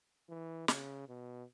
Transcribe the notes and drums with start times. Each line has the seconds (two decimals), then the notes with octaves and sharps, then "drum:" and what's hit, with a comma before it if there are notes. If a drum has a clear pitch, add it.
0.29 E3
0.68 C#3, drum: snare
1.08 B2